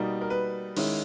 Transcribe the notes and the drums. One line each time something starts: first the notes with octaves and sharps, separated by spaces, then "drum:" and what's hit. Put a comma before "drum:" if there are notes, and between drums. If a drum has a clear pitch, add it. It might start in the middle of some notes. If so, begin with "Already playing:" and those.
Already playing: B2 G3 A#3 D#4
A#4
B4
D#3 G#3 C#4 E4, drum: open hi-hat